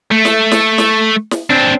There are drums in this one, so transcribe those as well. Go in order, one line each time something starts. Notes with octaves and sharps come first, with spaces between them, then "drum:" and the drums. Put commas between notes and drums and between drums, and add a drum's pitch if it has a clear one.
A3
drum: snare
drum: snare
drum: snare
drum: snare
C4 D4